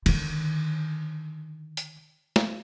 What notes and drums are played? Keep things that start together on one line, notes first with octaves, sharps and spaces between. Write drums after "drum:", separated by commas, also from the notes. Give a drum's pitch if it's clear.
D3 D#3, drum: cymbal
drum: hi-hat
drum: snare